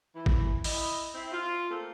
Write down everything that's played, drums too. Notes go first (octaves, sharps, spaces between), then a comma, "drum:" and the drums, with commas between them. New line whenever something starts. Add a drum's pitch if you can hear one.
E3
drum: kick
E4 D#5, drum: open hi-hat
C4 E4
F4
A3 A#3 C4 A4 A#4